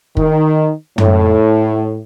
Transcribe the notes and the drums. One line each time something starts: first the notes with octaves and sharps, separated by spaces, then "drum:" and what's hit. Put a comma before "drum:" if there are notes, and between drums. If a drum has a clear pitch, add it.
D#3, drum: kick
A2, drum: tom